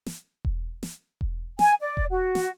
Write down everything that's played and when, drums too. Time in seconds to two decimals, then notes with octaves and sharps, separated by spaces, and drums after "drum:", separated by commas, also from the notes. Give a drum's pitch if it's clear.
0.06 drum: snare
0.45 drum: kick E1
0.83 drum: snare
1.21 drum: kick E1
1.59 G#5, drum: snare
1.81 D5
1.97 drum: kick E1
2.11 F#4
2.35 drum: snare